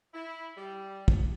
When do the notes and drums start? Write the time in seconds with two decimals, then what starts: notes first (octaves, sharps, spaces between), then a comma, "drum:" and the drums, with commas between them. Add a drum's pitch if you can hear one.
0.13 E4
0.56 G3
1.08 drum: kick